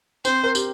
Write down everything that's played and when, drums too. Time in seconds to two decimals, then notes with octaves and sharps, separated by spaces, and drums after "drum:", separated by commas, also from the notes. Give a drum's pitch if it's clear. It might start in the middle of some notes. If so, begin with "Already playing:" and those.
0.25 C4 C5, drum: tambourine
0.43 A#4
0.55 G4, drum: tambourine